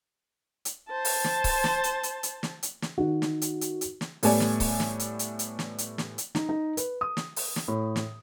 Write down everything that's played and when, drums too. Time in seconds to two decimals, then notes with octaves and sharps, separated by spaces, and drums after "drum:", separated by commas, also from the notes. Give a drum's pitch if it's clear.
0.65 drum: hi-hat
0.88 C5 A5
1.05 drum: open hi-hat
1.24 drum: snare
1.44 drum: kick C#1, open hi-hat
1.64 drum: snare
1.84 drum: hi-hat
2.03 drum: hi-hat
2.23 drum: hi-hat
2.43 drum: snare
2.63 drum: hi-hat
2.82 drum: snare
2.98 D#3 F#4
3.22 drum: snare
3.42 drum: hi-hat
3.61 drum: hi-hat
3.81 drum: hi-hat
4.01 drum: snare
4.23 A2 G3 A3 B3 D5 G#5, drum: open hi-hat
4.40 drum: snare
4.60 drum: kick C#1, open hi-hat
4.80 drum: snare
4.99 drum: hi-hat
5.19 drum: hi-hat
5.39 drum: hi-hat
5.59 drum: snare
5.78 drum: hi-hat
5.98 drum: snare
6.18 drum: hi-hat
6.35 D#4, drum: snare
6.49 D#4
6.77 B4, drum: hi-hat
7.01 D#6
7.17 drum: snare
7.36 drum: open hi-hat
7.56 drum: snare
7.68 A2
7.96 drum: snare